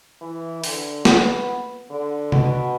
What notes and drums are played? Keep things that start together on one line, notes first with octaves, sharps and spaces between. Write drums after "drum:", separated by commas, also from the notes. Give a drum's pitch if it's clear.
E3
D3, drum: open hi-hat
B3, drum: snare
D3
B2, drum: tom C3